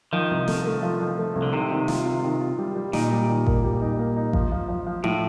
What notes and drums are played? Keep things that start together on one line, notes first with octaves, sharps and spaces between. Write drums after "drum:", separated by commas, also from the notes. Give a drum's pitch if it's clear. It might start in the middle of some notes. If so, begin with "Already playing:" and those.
D#3 F3
C2
A3, drum: snare
A3
F3
F3
A3
C2
D3
C3 D#3
D#3
F4, drum: snare
F4
D#3
F4
G3
G3
A#2 D#4, drum: snare
G3
D#3
A#3, drum: kick A1
G3
D#4
A#3
D#4
F3, drum: kick A1
F3
F3
F3
A2 F3, drum: tom D#4